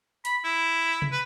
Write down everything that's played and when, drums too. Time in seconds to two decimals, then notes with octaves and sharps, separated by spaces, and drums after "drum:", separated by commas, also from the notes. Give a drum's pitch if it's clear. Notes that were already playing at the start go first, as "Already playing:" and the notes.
0.25 B5, drum: hi-hat
0.44 E4
1.02 drum: tom C3
1.12 B4